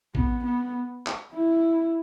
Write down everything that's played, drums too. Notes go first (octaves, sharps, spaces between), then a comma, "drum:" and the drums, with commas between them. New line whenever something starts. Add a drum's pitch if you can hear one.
B3, drum: kick A1
B3
drum: clap
E4